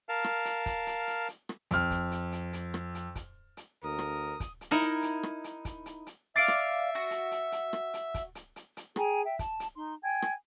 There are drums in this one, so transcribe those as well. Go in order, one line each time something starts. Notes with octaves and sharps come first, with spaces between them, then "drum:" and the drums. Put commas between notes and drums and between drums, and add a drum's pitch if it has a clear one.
A#4 F5 A5
drum: rim click
drum: hi-hat
drum: kick, hi-hat
drum: hi-hat
drum: hi-hat
drum: hi-hat
drum: rim click
F2 F6, drum: hi-hat
drum: kick, hi-hat
drum: hi-hat
drum: hi-hat
drum: hi-hat
drum: rim click
drum: hi-hat
drum: kick, hi-hat
drum: hi-hat
D2 A#4 D#6
drum: rim click
drum: kick, hi-hat
drum: hi-hat
D#4 E4 A#4
drum: hi-hat
drum: hi-hat
drum: rim click
drum: hi-hat
drum: kick, hi-hat
drum: hi-hat
drum: hi-hat
D5 E5 F5 A6 C7 D7
drum: rim click
F#4
drum: hi-hat
drum: hi-hat
drum: hi-hat
drum: rim click
drum: hi-hat
drum: kick, hi-hat
drum: hi-hat
drum: hi-hat
drum: hi-hat
G#4 G5 G#5 A#5, drum: rim click
E5 G5
A5, drum: kick, hi-hat
drum: hi-hat
D#4 C6
G5 G#5 G#6
drum: rim click